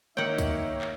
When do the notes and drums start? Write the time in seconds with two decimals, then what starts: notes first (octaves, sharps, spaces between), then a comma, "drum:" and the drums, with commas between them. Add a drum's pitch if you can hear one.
0.17 D#3 A#3 D#4 C#5 E5 F#5 G5
0.38 drum: kick, tambourine
0.81 drum: clap